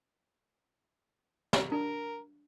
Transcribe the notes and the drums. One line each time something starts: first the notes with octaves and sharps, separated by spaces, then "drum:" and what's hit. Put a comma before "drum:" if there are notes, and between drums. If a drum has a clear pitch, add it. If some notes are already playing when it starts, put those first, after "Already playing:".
drum: snare
D4 A#4